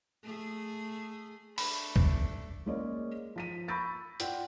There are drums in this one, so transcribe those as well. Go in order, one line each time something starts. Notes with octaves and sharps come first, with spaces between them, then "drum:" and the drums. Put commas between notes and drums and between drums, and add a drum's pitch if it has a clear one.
A3 G#4
A3 D4 B5, drum: open hi-hat
drum: kick
G#3 A#3 C#4 D5 D#5
F3 B6 D#7
B5 C#6 E6 G6 A6 A#6
F4 D5 F#5 G5, drum: hi-hat